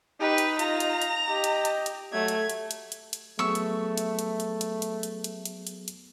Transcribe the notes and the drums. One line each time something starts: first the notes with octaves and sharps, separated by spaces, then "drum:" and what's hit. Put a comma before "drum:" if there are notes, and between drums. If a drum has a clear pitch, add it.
D#4 G4 B4
drum: hi-hat
F4 A#5, drum: hi-hat
drum: hi-hat
drum: hi-hat
G4 D#5
drum: hi-hat
drum: hi-hat
drum: hi-hat
F#3 A3 G#6
drum: hi-hat
drum: hi-hat
drum: hi-hat
drum: hi-hat
drum: hi-hat
F#3 A3 B3 G#4 E5 C#6
drum: hi-hat
drum: hi-hat
drum: hi-hat
drum: hi-hat
drum: hi-hat
drum: hi-hat
drum: hi-hat
drum: hi-hat
drum: hi-hat
drum: hi-hat
drum: hi-hat